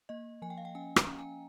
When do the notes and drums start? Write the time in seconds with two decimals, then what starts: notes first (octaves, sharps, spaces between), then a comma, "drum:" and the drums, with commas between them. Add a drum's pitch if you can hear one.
0.09 A#3 D#5
0.42 F3 G#5
0.50 G5
0.58 F5
0.65 G5
0.75 C#4 G#5
0.96 A#5, drum: rim click
1.07 C#4
1.19 G#5